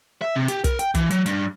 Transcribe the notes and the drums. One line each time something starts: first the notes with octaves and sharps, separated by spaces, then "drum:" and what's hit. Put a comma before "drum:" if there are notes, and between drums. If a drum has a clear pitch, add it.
E5
C3
G4, drum: hi-hat
A#4, drum: kick, hi-hat
G5, drum: hi-hat
E3, drum: kick, hi-hat
F#3, drum: hi-hat
G2, drum: hi-hat